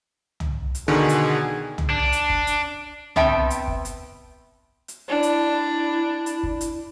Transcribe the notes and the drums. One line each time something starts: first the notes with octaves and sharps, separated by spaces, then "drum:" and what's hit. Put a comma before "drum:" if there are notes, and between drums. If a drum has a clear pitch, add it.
drum: tom
drum: hi-hat
B2 D3 D#3 G#4
drum: hi-hat
drum: tom
D4
drum: hi-hat
drum: kick
drum: hi-hat
B3 C4 E5 G5 A5, drum: tom
drum: hi-hat
drum: kick
drum: hi-hat
drum: hi-hat
D4 E4
drum: hi-hat
drum: hi-hat
drum: kick
drum: hi-hat